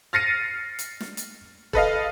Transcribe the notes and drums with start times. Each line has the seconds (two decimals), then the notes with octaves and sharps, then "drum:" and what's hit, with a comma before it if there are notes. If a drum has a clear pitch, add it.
0.13 F6 A6 A#6 C7 C#7 D#7
0.79 drum: hi-hat
1.00 drum: snare
1.17 drum: hi-hat
1.73 A4 B4 D#5 F5, drum: kick